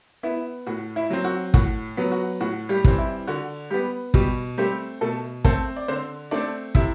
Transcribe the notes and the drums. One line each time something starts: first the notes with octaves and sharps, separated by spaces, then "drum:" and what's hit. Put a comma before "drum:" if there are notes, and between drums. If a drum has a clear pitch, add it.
B3 E4
A2 F#4
E4
F#3 C4
F#4
A2 F#4, drum: kick
F#3 B3
F#4
A2 F#4
G3 G4
E3 G3 C4, drum: kick
E4
D3 F#4
G3 B3 G4
B2 G3 G4, drum: kick
G3 A3 C4 G4
B2 A3 A4
A3 C4 A4, drum: kick
D5
D3 C4 C5
A3 C4 D4 D5
C3 E4 E5, drum: kick